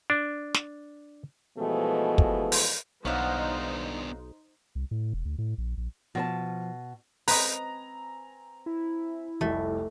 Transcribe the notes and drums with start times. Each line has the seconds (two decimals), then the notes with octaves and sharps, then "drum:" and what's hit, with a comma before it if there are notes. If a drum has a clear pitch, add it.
0.10 D4
0.54 drum: snare
1.58 B2 E3 F3 G#3 A3
2.18 drum: kick
2.52 drum: open hi-hat
3.05 B1 B3 D4 D#4 C5 C#5 F5 F#5
4.75 C2
4.91 A2
5.13 E1
5.25 D2
5.38 A2
5.58 A#1
5.77 A#1
6.15 B2 F3 C5 A5
7.28 C4 B4 D#5 G#5 A#5, drum: open hi-hat
8.66 E4
9.41 F1 C2 F2 A3